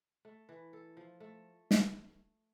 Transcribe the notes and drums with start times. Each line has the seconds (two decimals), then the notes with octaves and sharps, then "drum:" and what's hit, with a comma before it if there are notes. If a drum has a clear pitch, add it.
0.25 A3
0.49 E3
0.73 A4
0.97 F3
1.20 A3
1.71 drum: snare